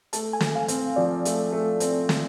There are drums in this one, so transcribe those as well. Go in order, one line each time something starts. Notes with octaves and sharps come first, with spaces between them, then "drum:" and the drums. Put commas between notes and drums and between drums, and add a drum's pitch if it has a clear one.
A3 A5, drum: hi-hat
G#5
A3, drum: snare
F5
C4, drum: hi-hat
F3 D5
A3, drum: hi-hat
A3
C4, drum: hi-hat
A3, drum: snare